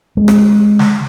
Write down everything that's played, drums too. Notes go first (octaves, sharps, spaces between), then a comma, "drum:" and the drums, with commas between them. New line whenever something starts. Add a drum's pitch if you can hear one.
G#3
drum: rim click
drum: snare